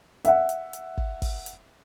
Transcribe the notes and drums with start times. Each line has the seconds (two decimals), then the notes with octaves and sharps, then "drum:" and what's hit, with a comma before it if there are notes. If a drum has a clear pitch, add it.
0.25 E5 F#5, drum: hi-hat
0.49 drum: hi-hat
0.73 drum: hi-hat
0.98 drum: kick
1.22 drum: kick, open hi-hat
1.46 drum: hi-hat